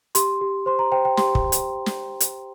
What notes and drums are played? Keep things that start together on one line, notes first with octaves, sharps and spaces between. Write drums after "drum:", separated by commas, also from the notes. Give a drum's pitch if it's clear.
G4 C6, drum: hi-hat
G4
C5 C6
A#5
C5 G5
G5
G4 C6, drum: snare
drum: kick
drum: hi-hat
drum: snare
drum: hi-hat